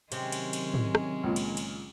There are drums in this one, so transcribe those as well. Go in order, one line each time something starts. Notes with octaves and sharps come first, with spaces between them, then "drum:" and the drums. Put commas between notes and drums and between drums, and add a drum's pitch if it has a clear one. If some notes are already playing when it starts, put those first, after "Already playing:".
C3 D#3 F#3 G#3 C#4, drum: cymbal
drum: cymbal
drum: cymbal
drum: tom
drum: rim click
C#2 A#2
drum: cymbal
drum: cymbal